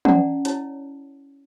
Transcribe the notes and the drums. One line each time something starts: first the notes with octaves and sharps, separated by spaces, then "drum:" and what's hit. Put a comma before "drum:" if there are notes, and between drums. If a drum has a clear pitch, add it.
C#4 D4 D5 F#5 A5 A#5, drum: tom
E4 C#5 A5, drum: hi-hat